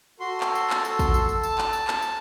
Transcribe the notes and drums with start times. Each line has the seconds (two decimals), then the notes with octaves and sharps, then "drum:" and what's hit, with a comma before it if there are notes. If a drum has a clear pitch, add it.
0.20 F#4 A4 C6
0.41 drum: clap
0.55 drum: tambourine
0.70 drum: clap
0.85 drum: tambourine
0.99 drum: kick, tambourine
1.14 drum: tambourine
1.29 drum: tambourine
1.43 A5, drum: tambourine
1.58 drum: clap
1.73 drum: tambourine
1.88 drum: clap
2.02 drum: tambourine